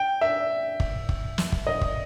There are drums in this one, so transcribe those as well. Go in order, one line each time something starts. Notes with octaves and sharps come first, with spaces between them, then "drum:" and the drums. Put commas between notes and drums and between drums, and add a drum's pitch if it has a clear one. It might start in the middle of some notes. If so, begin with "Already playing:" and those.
Already playing: G5
E5
drum: kick
drum: kick
drum: snare
drum: kick
D#5
drum: kick